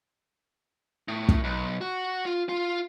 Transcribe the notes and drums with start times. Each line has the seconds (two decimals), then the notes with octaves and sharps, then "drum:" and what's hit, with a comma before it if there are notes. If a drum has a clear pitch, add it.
1.08 A2
1.29 drum: kick
1.44 B1
1.81 F#4
2.26 F4
2.49 F4